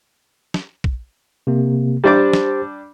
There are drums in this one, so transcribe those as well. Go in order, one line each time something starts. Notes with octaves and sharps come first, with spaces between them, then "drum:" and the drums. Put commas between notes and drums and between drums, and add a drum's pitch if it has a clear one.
drum: snare
drum: kick
C3 A#3
G3 D4 G4 C5 D6 A6
drum: snare